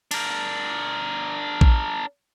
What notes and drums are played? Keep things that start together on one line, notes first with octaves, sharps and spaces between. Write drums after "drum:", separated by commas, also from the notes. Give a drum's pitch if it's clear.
D4 A#4, drum: cymbal
drum: kick A#1